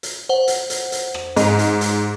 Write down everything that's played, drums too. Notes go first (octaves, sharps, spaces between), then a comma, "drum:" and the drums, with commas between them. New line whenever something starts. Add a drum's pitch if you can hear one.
drum: hi-hat
C5 F#5
drum: hi-hat
drum: hi-hat
drum: hi-hat
drum: rim click
G#2 D#5, drum: hi-hat
drum: hi-hat
drum: hi-hat